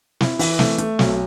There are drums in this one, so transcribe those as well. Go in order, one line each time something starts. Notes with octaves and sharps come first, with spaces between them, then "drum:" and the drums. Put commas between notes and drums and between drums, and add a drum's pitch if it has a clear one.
E4, drum: snare
E3, drum: open hi-hat
A3, drum: snare
A3, drum: hi-hat
B1, drum: snare